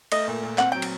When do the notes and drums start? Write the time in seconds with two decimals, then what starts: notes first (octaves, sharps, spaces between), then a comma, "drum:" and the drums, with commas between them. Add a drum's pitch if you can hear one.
0.12 A3 D#5, drum: cymbal
0.28 A#2
0.43 A#2
0.58 C4 F#5, drum: clap
0.72 F#3 G5
0.82 drum: cymbal